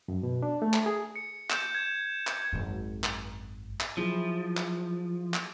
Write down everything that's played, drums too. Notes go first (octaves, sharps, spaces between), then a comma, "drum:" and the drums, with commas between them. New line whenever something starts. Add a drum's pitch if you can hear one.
F#2
B2
D4
A3
drum: clap
G#4
C#7
G6 E7, drum: clap
G#6
drum: clap
G#1 F#2
drum: clap
drum: clap
F3 F#3 E4 G#4
drum: clap
drum: clap